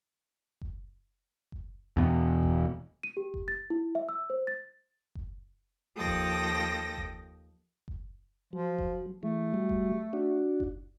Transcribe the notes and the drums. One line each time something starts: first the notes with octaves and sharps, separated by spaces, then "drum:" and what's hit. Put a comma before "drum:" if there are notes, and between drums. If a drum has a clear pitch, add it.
drum: kick F#1
drum: kick F#1
E2 B2
drum: kick F#1
D#7
G4
drum: kick F#1
A6
E4
E5
E6
C5
A6
drum: kick F#1
D#2 F3 A4 G5 D#6 A#6
drum: kick F#1
drum: kick F#1
drum: kick F#1
F3 F#3
drum: kick F#1
E3 G#3 A3
F#3 G3
drum: kick F#1
D4 F#4
drum: kick F#1